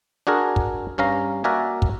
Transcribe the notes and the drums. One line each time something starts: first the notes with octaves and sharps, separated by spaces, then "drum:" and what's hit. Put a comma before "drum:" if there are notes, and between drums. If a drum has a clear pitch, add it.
D4 F#4 G#4 A#4
drum: kick
G2 C#4 F5 A#5
A#3 F#4 A#4 D5 E5 G#5
drum: kick